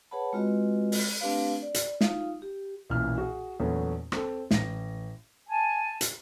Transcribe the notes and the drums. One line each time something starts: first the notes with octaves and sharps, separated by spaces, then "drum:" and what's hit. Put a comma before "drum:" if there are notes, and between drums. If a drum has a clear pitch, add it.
G#4 B4 C#5 F#5 A5 B5
G#3 C4 F4 F#4 B4 D#5
drum: open hi-hat
A3 C4 D4 G4 B4 F5
D5
drum: hi-hat
D#4 F4 F5, drum: snare
G4
B1 F#2 A#2 E3 F6
F#4 G#4
E2 A#2 F#3 A3 B3 C#4
C4 A4, drum: rim click
A1 A#6, drum: snare
G#5 A5
drum: hi-hat